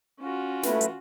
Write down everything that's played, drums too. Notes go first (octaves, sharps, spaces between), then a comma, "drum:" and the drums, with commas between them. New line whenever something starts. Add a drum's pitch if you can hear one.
C#4 F4 F#4
A3 E4 B4, drum: snare
drum: hi-hat